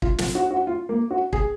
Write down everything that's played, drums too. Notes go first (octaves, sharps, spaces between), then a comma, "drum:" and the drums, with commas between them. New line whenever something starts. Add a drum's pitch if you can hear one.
F4, drum: kick
F4, drum: snare
F#4
F#4
F4
A#3
F#4
G#4, drum: kick